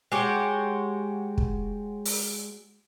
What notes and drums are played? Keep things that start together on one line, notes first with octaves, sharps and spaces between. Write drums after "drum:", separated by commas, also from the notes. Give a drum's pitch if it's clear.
G#3 F#4 G4 C#5
drum: kick
drum: open hi-hat